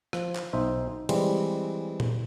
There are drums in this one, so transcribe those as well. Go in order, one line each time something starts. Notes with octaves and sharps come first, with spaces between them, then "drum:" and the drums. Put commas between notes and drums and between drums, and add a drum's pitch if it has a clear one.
F3, drum: rim click
drum: clap
B1 D#4 C5 E5
E3 G3 G#3 C4, drum: cymbal
drum: tom A#2